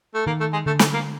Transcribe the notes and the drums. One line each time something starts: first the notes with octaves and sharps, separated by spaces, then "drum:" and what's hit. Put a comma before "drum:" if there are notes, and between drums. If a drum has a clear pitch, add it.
A3
D#3 A#3
A3
G#3
D3 A3
A3, drum: snare
A#3